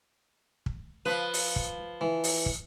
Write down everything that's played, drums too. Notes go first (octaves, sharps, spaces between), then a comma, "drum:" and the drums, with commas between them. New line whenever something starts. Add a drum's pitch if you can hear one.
drum: kick
F3 B4 D#6
drum: open hi-hat
drum: kick
E3
drum: open hi-hat
drum: kick